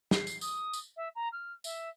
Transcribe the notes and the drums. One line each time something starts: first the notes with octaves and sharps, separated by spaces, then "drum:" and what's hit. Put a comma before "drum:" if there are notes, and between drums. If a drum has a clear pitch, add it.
C7, drum: snare
drum: tambourine
D#6, drum: tambourine
drum: tambourine
E5
A#5
F6
E5, drum: tambourine